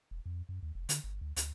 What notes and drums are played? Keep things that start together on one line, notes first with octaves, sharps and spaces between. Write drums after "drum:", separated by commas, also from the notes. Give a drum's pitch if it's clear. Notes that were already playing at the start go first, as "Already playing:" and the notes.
E1
F2
F#2
D#2
F1
D3, drum: hi-hat
G1
D2
D2, drum: hi-hat